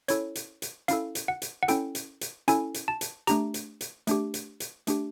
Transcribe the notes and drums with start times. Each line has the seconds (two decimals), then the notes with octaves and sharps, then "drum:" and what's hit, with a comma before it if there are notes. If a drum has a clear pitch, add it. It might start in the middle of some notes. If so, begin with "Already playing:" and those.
0.08 C#4 E4 A4 C#5, drum: hi-hat
0.35 drum: hi-hat
0.62 drum: hi-hat
0.88 C#4 E4 A4 F5, drum: hi-hat
1.15 drum: hi-hat
1.28 F#5
1.42 drum: hi-hat
1.63 F#5
1.68 C#4 E4 A4 G5, drum: hi-hat
1.95 drum: hi-hat
2.21 drum: hi-hat
2.48 C#4 E4 A4 G#5, drum: hi-hat
2.74 drum: hi-hat
2.88 A5
3.01 drum: hi-hat
3.27 A3 D4 G4 A#5, drum: hi-hat
3.54 drum: hi-hat
3.81 drum: hi-hat
4.07 A3 D4 G4, drum: hi-hat
4.34 drum: hi-hat
4.60 drum: hi-hat
4.87 A3 D4 G4, drum: hi-hat